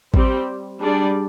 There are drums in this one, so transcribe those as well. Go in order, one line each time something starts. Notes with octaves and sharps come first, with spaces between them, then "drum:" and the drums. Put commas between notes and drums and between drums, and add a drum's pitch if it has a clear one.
G3 C4 G4, drum: kick A1
G3 D4 G#4 D5